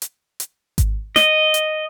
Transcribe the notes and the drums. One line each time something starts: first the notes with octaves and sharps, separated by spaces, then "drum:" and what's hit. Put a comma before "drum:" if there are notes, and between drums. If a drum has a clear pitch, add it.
drum: hi-hat
drum: hi-hat
drum: kick G#1, hi-hat
D#5, drum: snare
drum: hi-hat